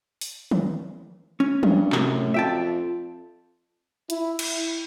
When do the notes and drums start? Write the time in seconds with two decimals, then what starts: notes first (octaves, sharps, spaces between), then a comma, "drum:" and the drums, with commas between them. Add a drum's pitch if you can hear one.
0.21 drum: open hi-hat
0.51 drum: tom D#3
1.40 C#4
1.63 G2, drum: tom E3
1.92 F#2 A2 C3, drum: clap
2.34 F2 E5 G5 A5
4.10 E4, drum: hi-hat
4.39 drum: cymbal